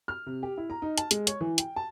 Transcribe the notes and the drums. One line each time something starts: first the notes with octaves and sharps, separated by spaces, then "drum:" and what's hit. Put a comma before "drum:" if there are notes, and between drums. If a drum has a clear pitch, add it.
F6
C3
G4
E4
A#5
D#4
A5, drum: hi-hat
G#3, drum: hi-hat
C#5, drum: hi-hat
E3
G5, drum: hi-hat
A5